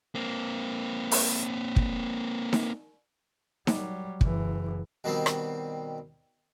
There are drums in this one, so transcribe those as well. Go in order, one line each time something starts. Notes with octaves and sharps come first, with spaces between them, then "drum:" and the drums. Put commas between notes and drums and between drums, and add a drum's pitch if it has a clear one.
A#3 C4
drum: open hi-hat
drum: kick
drum: snare D#4
F#3 G3, drum: snare D#4
F#1 E3, drum: kick
B2 D#3 G3 C4
drum: rim click